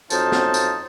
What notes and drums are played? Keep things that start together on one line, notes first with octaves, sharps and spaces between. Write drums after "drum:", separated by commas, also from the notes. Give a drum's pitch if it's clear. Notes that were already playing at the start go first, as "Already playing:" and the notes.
F2 F#3 D#4 C5 F5 A5, drum: tambourine
drum: snare
drum: tambourine